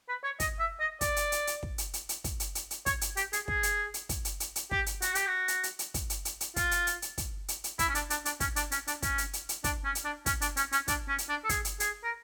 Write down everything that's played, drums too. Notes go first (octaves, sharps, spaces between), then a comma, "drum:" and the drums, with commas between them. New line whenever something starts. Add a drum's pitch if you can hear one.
B4
C#5
D#5, drum: kick, hi-hat
E5
D#5
D5, drum: kick, hi-hat
drum: hi-hat
drum: hi-hat
drum: hi-hat
drum: kick
drum: hi-hat
drum: hi-hat
drum: hi-hat
drum: kick, hi-hat
drum: hi-hat
drum: hi-hat
drum: hi-hat
C#5, drum: kick, hi-hat
drum: hi-hat
G4, drum: hi-hat
G#4, drum: hi-hat
G#4, drum: kick
drum: hi-hat
drum: hi-hat
drum: kick, hi-hat
drum: hi-hat
drum: hi-hat
drum: hi-hat
G4, drum: kick
drum: hi-hat
F#4, drum: hi-hat
G4, drum: hi-hat
F#4
drum: hi-hat
drum: hi-hat
drum: hi-hat
drum: kick, hi-hat
drum: hi-hat
drum: hi-hat
drum: hi-hat
F4, drum: kick, hi-hat
drum: hi-hat
drum: hi-hat
drum: hi-hat
drum: kick, hi-hat
drum: hi-hat
drum: hi-hat
E4, drum: kick, hi-hat
C#4
D4, drum: hi-hat
D4, drum: hi-hat
D4, drum: hi-hat
C#4, drum: kick, hi-hat
D4, drum: hi-hat
C#4, drum: hi-hat
D4, drum: hi-hat
C#4, drum: kick, hi-hat
drum: hi-hat
drum: hi-hat
drum: hi-hat
D4, drum: kick, hi-hat
C#4
drum: hi-hat
D4
C#4, drum: kick, hi-hat
D4, drum: hi-hat
C#4, drum: hi-hat
C#4, drum: hi-hat
D4, drum: kick, hi-hat
C#4
drum: hi-hat
D4
A4
G#4, drum: kick, hi-hat
drum: hi-hat
G#4, drum: hi-hat
A#4